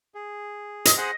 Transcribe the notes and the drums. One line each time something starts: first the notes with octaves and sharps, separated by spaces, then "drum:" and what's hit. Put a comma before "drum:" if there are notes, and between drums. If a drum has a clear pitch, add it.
G#4
D#5, drum: hi-hat
G#4 C5 F#5